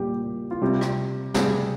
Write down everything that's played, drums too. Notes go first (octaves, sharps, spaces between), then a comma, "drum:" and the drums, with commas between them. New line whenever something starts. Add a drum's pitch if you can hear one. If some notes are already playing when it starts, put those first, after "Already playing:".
Already playing: A#2 G3 G4
F4
C3 G3 G4
drum: rim click
C3 G3 G#4, drum: snare